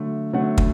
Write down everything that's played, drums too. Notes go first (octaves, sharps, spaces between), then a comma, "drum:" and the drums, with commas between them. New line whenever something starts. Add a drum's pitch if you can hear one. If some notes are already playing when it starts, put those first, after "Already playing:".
Already playing: D3 F#3 A3
D3 F#3 A3 C#4 F#5
drum: kick